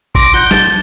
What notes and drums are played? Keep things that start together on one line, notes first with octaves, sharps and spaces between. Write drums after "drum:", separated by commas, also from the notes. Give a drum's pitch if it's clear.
C6 D6 A#6, drum: kick G#1
F4 F#5 G6
A5, drum: snare